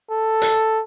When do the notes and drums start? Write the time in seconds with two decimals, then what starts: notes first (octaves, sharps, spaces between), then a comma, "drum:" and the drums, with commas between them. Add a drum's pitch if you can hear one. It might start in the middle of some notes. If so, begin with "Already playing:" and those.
0.11 A4
0.42 drum: hi-hat